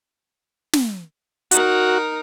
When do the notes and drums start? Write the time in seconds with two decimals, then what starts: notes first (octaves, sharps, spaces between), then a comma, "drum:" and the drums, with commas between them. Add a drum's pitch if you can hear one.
0.73 drum: snare
1.51 D#4 F#4 A#4, drum: hi-hat